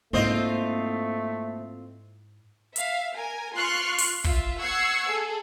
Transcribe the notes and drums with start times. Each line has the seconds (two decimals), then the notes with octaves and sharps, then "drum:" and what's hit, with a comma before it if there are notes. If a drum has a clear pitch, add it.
0.13 G#2 A3 A#3 C4 E4 F4 C5 D#5
2.76 E5 F5, drum: hi-hat
3.15 A#4 G#5
3.56 F4 C6 C#6 F6 F#6 C7
3.98 drum: open hi-hat
4.24 F4 E5, drum: kick
4.60 F#5 C#6 E6 G#6 C7 C#7
5.08 G#4 A4